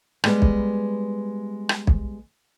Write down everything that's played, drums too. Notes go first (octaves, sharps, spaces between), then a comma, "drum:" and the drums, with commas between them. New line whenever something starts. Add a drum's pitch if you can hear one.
G3 G#3 B3, drum: rim click
drum: kick B1
drum: rim click
drum: kick B1